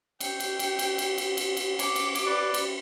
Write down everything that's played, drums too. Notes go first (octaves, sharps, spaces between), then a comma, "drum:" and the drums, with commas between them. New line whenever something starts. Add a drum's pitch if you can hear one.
G5, drum: cymbal
drum: cymbal
drum: cymbal
drum: cymbal
drum: cymbal
drum: cymbal
drum: cymbal
drum: cymbal
C#5 D6, drum: cymbal
drum: cymbal
drum: cymbal
B4 D5
drum: cymbal